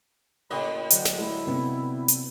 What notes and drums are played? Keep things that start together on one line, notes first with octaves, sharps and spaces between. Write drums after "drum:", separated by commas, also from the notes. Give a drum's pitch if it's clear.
A2 C#3 A#3 F#4 D#5 B5
D3 F#3 C5 G5, drum: hi-hat
drum: snare
A3 E4
C3 B3 C4
drum: hi-hat